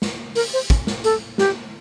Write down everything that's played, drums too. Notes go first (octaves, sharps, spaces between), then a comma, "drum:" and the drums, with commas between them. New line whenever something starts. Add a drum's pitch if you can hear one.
drum: snare
A#4, drum: open hi-hat
C5
drum: kick, hi-hat
drum: snare
A4, drum: hi-hat
G4, drum: snare